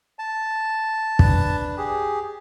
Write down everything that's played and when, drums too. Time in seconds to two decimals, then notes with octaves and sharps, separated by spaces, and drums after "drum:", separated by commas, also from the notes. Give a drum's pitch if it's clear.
0.19 A5
1.19 D4 B4, drum: kick
1.77 G4 G#4